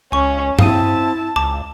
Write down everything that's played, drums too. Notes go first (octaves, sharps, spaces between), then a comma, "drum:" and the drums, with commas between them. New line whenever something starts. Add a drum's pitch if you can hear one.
C#2 C#4 G#5 C#6
C4 E4 F5 A5 D#6 D#7, drum: tom G2
C#2 A5 D6